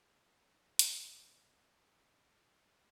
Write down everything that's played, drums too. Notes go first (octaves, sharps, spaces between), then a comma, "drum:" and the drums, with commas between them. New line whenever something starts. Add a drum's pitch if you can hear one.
A2 C#3 F3 A3
B1 B2 B3, drum: hi-hat
G#1 F2 A2
C2 G2 G#3
A#3